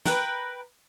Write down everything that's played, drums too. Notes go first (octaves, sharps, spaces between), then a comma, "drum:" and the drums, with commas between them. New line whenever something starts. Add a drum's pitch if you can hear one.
A#4 B4 G5, drum: snare